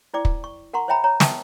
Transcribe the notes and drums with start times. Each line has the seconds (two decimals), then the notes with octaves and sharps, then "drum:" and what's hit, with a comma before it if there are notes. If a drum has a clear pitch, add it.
0.14 E4 C5 D5 G5 D6
0.25 drum: kick
0.44 C#6
0.73 A#4 F#5 A#5 C6 C#6
0.88 C5 C#5 E5 G5 A#5 B5
1.04 C#5 A#5
1.20 E5 G5 A5 C#6 D#6, drum: snare